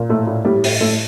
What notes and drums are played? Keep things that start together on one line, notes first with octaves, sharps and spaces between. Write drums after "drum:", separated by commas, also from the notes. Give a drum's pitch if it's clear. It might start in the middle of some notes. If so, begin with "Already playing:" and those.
Already playing: A#2
A2 A3
A2
A2 G3
A2, drum: open hi-hat
A2 A3